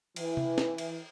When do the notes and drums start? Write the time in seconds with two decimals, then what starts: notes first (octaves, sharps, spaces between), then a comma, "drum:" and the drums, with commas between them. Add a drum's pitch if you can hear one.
0.16 E3, drum: cymbal
0.37 drum: tom C3
0.58 drum: snare
0.78 drum: cymbal